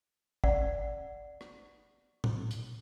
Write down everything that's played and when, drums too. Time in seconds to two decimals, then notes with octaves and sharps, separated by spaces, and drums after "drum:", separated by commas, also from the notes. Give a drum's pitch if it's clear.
0.44 D5 F#5, drum: kick
1.41 drum: rim click
2.24 drum: tom A2
2.51 drum: hi-hat